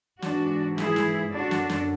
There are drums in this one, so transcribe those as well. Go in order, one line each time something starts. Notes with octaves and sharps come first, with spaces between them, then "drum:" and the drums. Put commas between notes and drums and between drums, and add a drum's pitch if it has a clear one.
G#2 E3 D4 F#4, drum: snare
E4 G#4, drum: snare
drum: snare
F#2 D3 D4 F#4
drum: snare
drum: snare